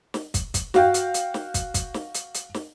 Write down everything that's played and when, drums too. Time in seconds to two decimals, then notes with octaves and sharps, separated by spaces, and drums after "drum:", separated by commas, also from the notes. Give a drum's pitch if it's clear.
0.14 drum: snare
0.34 drum: kick, hi-hat
0.54 drum: kick, hi-hat
0.74 F#4 F5 G5, drum: snare
0.94 drum: hi-hat
1.14 drum: hi-hat
1.34 drum: snare
1.54 drum: kick, hi-hat
1.74 drum: kick, hi-hat
1.94 drum: snare
2.14 drum: hi-hat
2.34 drum: hi-hat
2.54 drum: snare